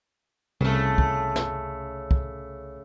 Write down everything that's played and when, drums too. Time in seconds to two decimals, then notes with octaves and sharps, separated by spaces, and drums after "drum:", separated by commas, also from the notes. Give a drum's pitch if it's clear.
0.61 C2 C#3 A3
0.98 drum: kick
1.36 drum: snare
2.11 drum: kick